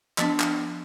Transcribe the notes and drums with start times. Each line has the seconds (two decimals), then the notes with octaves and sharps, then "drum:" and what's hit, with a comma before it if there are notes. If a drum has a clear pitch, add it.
0.18 F3 B3 D4, drum: clap
0.40 drum: clap